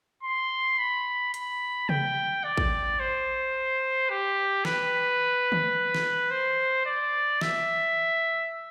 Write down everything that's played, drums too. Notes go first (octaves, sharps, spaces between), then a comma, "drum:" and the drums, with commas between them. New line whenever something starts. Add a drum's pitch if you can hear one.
C6
B5
B5, drum: hi-hat
G5, drum: tom C3
D5
drum: kick
C5
G4
B4, drum: snare
drum: tom D3
drum: snare
C5
D5
E5, drum: snare